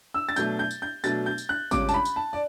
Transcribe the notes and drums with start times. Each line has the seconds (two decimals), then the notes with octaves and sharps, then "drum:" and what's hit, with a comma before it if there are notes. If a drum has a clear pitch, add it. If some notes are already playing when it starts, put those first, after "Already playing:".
0.14 E6
0.29 A6
0.36 B2 F#3 A3 D4 G6, drum: tambourine
0.59 G6
0.71 drum: tambourine
0.82 G6
1.04 B2 F#3 A3 D4 A6, drum: tambourine
1.26 G6
1.38 drum: tambourine
1.49 F#6
1.71 C#2 C#3 G3 C#4 D6, drum: kick G#1, tambourine
1.89 A5, drum: tambourine
1.94 B5
2.05 drum: tambourine
2.16 A5
2.33 D5